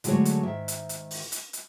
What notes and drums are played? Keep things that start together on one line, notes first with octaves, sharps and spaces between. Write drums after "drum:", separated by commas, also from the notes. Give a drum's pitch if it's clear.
D3 F#3 G#3 A3 F#4 C#5, drum: hi-hat
drum: hi-hat
G#2 D#3 E5
drum: hi-hat
drum: hi-hat
drum: open hi-hat
drum: hi-hat
drum: hi-hat